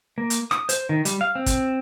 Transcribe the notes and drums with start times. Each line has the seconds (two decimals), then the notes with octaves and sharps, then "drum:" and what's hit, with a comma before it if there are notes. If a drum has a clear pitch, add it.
0.18 A#3
0.30 drum: hi-hat
0.51 D#6, drum: rim click
0.69 C5, drum: hi-hat
0.89 D#3
1.05 G3, drum: hi-hat
1.21 F5
1.35 C4
1.46 drum: kick, hi-hat